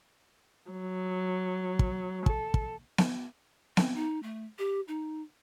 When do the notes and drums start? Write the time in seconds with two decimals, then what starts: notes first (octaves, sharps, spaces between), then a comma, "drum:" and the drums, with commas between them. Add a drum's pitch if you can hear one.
0.71 F#3
1.79 drum: kick
2.26 A4, drum: kick
2.54 drum: kick
2.98 drum: snare B3
3.77 C4, drum: snare B3
3.95 D#4
4.23 A3
4.59 G4
4.88 D#4